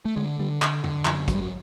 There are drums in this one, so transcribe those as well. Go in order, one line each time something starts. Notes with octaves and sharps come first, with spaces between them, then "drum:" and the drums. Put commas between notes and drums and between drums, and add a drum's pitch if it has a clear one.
A3
D3 G#3
D3 G3
D3, drum: clap
D3, drum: tom F2
F#2 F3, drum: clap
F#2 F#3, drum: kick, hi-hat
G3
F#3